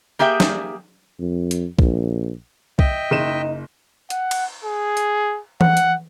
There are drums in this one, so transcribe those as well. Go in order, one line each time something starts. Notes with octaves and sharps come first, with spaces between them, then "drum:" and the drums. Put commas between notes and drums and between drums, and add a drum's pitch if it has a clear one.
A#3 G4 G#4 E5 G5
drum: snare
F2
drum: hi-hat
A#1, drum: kick C2
D#5 E5 G5, drum: kick C2
F#1 D#4 D#7 E7
F#5, drum: hi-hat
drum: cymbal
G#4
drum: hi-hat
F#5, drum: tom E3
drum: hi-hat